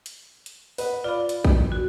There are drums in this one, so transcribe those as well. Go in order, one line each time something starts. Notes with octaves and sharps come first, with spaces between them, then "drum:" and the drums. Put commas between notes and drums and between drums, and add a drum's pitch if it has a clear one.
drum: hi-hat
drum: hi-hat
B4 D#5 F#5, drum: open hi-hat
F4 D5 F5 B5
drum: hi-hat
drum: kick A#1
F#4